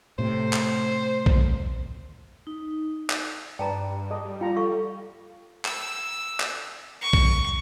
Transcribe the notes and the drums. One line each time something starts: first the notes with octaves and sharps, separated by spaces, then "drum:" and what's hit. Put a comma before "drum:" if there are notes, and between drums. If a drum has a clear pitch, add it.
A2 C3 C5
drum: clap
drum: kick A#1
D#4
drum: clap
G2 B4 D5 G5 A5 A#5
G#4 D#5 A5
G3
F4 G5 A#5
A4 F5 C#6
E6, drum: clap
drum: clap
C#6
drum: kick A#1